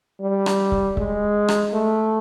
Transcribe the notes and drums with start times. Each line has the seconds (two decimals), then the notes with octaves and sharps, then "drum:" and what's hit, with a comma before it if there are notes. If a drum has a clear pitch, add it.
0.21 G3
0.46 drum: rim click
0.72 drum: kick C#1
0.97 G#3, drum: kick C#1
1.48 drum: rim click
1.73 A3